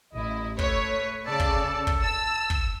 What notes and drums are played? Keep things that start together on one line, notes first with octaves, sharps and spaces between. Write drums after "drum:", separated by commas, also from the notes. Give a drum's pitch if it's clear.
A1 E4 D#5
A3 B4 C#5, drum: kick
C#3 A4 D5 A5
drum: kick
drum: kick
A5 E6
drum: kick